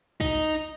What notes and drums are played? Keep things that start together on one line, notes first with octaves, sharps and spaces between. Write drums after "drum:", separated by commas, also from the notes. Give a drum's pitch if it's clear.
D#4, drum: kick